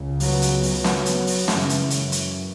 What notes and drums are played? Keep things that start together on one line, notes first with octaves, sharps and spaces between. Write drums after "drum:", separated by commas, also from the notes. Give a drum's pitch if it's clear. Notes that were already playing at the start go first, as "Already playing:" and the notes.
Already playing: C#2 C#3
F#3 B3, drum: open hi-hat
drum: hi-hat
F#3 B3, drum: open hi-hat
drum: snare
drum: hi-hat
drum: open hi-hat
F#2 C#3 E3 G#3, drum: snare
drum: hi-hat
E3, drum: hi-hat
drum: hi-hat